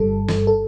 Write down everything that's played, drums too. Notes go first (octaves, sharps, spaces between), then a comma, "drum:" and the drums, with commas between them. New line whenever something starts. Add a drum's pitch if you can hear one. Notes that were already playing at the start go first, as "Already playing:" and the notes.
Already playing: G1 G2 G3 A4
drum: snare
A4